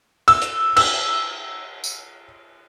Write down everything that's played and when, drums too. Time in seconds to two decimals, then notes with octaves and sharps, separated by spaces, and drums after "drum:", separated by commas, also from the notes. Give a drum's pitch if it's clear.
0.28 E6, drum: cymbal
0.42 drum: hi-hat
0.77 E6, drum: cymbal
1.84 drum: tambourine